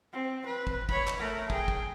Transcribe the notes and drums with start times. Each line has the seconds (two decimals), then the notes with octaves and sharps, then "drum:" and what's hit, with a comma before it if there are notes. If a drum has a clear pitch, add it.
0.13 C4
0.46 B4
0.67 drum: kick
0.89 C#5 B5, drum: kick
1.07 drum: clap
1.20 A3 A#4
1.50 G#4 G5, drum: kick
1.68 drum: kick